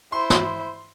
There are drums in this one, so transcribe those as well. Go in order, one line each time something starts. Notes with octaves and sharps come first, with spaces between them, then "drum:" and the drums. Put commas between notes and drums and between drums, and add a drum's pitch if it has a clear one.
E4 C5 C6
drum: snare